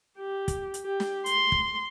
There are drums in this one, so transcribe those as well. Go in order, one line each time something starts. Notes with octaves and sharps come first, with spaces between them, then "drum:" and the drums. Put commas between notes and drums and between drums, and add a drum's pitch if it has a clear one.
G4
drum: kick, hi-hat
drum: hi-hat
G4
drum: snare
C6, drum: hi-hat
drum: kick